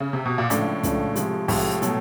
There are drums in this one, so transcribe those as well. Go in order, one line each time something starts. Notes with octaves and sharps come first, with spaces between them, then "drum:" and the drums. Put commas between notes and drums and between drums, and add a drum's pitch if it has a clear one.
C#3
C3
B2
A#2
C#2 A2 C#3 F3 A3 D4, drum: hi-hat
C#2 C#3 F3 A3 D4, drum: kick, hi-hat
C3 F3 G#3, drum: hi-hat
A2 C3 F3 G#3, drum: kick, open hi-hat
B2 F#3 A3, drum: hi-hat